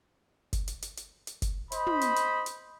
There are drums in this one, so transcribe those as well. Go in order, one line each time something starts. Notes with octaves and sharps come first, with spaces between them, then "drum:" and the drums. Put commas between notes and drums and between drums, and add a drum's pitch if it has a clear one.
drum: kick F#1, hi-hat
drum: hi-hat
drum: hi-hat
drum: hi-hat
drum: hi-hat
drum: kick F#1, hi-hat
C5 D#5 B5, drum: hi-hat
drum: tom
drum: hi-hat
drum: hi-hat
drum: hi-hat